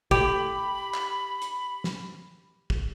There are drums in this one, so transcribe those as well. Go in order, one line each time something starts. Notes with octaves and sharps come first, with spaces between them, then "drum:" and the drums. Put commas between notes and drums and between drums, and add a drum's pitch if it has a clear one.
G4 B5, drum: kick
drum: clap
drum: hi-hat
drum: snare
drum: kick